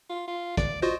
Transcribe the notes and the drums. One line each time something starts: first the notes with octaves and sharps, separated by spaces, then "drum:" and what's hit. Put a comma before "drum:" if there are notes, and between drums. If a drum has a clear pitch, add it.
F4
F4
D5, drum: kick, hi-hat
F4 F#4 C5 D#5